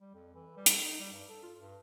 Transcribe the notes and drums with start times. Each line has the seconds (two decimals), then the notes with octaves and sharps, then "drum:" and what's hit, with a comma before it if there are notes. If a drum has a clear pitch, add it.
0.01 G3
0.14 F2
0.35 E3
0.57 G3
0.66 drum: hi-hat
0.84 D#4
0.99 G3
1.12 G2
1.28 A4
1.43 F4
1.59 G2